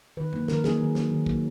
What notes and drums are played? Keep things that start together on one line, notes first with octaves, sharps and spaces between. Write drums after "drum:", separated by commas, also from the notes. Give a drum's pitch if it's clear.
D#3 B4
F#3 A#3, drum: tom F#2
D#3 A#4, drum: snare
F#3 A#3 G#4, drum: snare
D#3
F#3 A#3, drum: snare
D#3
F#3 A#3, drum: kick